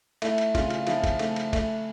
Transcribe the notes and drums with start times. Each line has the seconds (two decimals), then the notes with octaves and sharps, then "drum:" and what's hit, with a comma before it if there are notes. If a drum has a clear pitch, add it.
0.22 A3 E4, drum: cymbal
0.38 drum: cymbal
0.55 C#3 F4, drum: kick, cymbal
0.70 F4, drum: cymbal
0.87 F3 E4, drum: cymbal
1.04 drum: kick, cymbal
1.19 A3, drum: cymbal
1.36 drum: cymbal
1.53 A3, drum: kick, cymbal